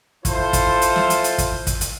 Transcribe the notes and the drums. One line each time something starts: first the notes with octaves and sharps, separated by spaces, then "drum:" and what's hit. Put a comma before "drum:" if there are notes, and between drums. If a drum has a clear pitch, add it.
E4 F4 A4 C5, drum: kick, hi-hat
drum: kick, hi-hat
drum: hi-hat
drum: snare
drum: hi-hat
drum: hi-hat
drum: kick, hi-hat
drum: kick, hi-hat
drum: hi-hat